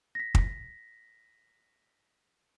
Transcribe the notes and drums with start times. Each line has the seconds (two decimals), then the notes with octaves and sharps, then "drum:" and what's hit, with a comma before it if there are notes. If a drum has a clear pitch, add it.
0.15 A#6 B6
0.35 drum: kick